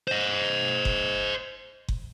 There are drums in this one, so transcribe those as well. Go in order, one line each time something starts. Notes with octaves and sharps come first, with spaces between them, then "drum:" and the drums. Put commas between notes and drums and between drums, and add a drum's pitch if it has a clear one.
C5 D#5
drum: kick F#1
drum: kick F#1